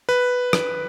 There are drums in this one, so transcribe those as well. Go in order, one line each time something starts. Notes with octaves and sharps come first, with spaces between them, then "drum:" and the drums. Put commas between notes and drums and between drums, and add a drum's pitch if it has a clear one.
B4
drum: rim click